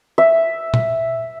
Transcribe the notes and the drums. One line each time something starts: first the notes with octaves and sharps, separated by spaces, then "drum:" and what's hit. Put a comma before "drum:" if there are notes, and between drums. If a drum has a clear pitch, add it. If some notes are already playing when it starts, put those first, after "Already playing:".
E5
drum: tom A#2